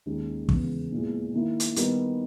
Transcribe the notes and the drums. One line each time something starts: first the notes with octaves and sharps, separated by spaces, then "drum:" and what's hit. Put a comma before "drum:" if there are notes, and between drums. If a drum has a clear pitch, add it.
D#2 D#3 G#3 C#4 G4
E2 C#3 G#3 B3, drum: kick
A#2 G#3 B3 E4 G#4
D#3 A#3 E4
drum: hi-hat
D#3 G3 B3 D#4 A#4, drum: hi-hat